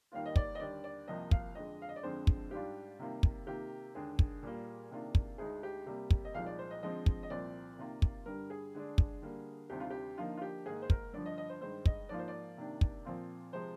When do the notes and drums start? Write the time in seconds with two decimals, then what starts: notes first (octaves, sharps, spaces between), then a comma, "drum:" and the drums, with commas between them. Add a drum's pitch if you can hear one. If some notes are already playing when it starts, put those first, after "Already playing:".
0.12 D#2 D#3 G3 A#3 F4 F5
0.26 D#5
0.36 D5, drum: kick
0.55 D#5
0.60 D#2 D3 G3 D5
0.84 D5
1.08 C2 C3 F3 A#3 D#5
1.31 F5, drum: kick
1.55 F2 D3 G#3 D#5
1.82 F5
1.89 D#5
1.96 D5
2.03 F2 D3 F3 G#3 C4 C5
2.27 drum: kick
2.51 G#2 G3 D4 F4 G4
2.99 C3 D#3 G3 A#3 F4
3.23 drum: kick
3.47 C3 D#3 A#3 F4 G4
3.95 D#2 D3 G#3 G#4
4.19 drum: kick
4.43 A#2 G3 A#3
4.91 C3 D#3 A#3 D4 F4
5.15 drum: kick
5.38 D2 D3 G#3 D#4 G#4
5.63 G4
5.86 C3 G3 A#3 G4
6.11 drum: kick
6.25 D#5
6.34 C2 A#2 F3 G#3 D#4 F5
6.46 D5
6.59 C5
6.71 D#5
6.83 D3 F3 G#3 C4 D#5
7.06 drum: kick
7.23 D#5
7.30 C2 A#2 F3 C4 D5
7.78 C3 D#3 A#3 F4
8.02 drum: kick
8.26 G2 D3 G3 A#4
8.50 G#4
8.75 D3 G#3 D4
8.98 drum: kick
9.22 D3 G3 A#3
9.70 D2 C3 D#3 G3 C4 G4
9.80 F4
9.90 G4
10.17 D3 F3 A#3 D#4 F4
10.37 F4
10.42 G4
10.66 G#2 D#3 A#3 D#4 G#4
10.82 C5
10.90 A#4, drum: kick
11.13 G2 D3 F3 D5
11.26 D#5
11.38 D#5
11.50 C5
11.61 G2 D#3 G#3 D#4 C5
11.86 D#5, drum: kick
12.09 G#2 F3 A#3 F4 D5
12.19 C5
12.28 D5
12.57 C3 D#3 A#3 D4
12.81 drum: kick
13.05 A#2 F3 C4 F4
13.53 C3 F3 G#3 C5